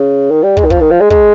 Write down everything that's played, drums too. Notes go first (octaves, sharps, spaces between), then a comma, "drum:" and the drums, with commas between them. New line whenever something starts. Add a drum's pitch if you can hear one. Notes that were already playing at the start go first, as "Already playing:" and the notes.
Already playing: C#3
D#3
G3
G#3, drum: kick
D#3
F3, drum: kick
D#3
F3
G#3
G#3, drum: kick